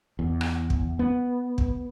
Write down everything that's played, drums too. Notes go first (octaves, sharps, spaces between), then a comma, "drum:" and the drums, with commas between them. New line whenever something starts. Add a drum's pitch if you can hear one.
E2
drum: rim click
drum: kick
B3
drum: kick